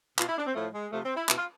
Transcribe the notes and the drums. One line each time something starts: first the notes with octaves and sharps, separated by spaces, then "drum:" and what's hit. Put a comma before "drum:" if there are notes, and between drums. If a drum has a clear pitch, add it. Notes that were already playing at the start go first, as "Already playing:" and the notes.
B2 F4, drum: clap
E4
D4
C4
A2 F3 A3
G#3
C3 F3 A3
C4
E4
B2 E4, drum: clap
F4